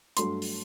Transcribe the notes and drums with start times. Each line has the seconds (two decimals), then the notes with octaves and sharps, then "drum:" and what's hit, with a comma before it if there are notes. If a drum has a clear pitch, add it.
0.17 G2 F#3 A3 C6, drum: hi-hat
0.42 drum: open hi-hat